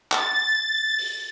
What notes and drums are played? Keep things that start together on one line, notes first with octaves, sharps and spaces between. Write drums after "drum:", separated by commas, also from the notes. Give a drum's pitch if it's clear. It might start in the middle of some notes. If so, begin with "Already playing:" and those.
A6, drum: clap
drum: open hi-hat